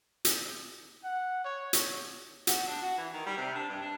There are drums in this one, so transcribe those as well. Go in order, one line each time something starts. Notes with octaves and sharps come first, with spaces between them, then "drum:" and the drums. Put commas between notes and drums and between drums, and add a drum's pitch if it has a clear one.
drum: hi-hat
F#5
C#5
drum: hi-hat
F#4, drum: hi-hat
D4
F#4
E3
D#3
G3
C3
D4
G2
D4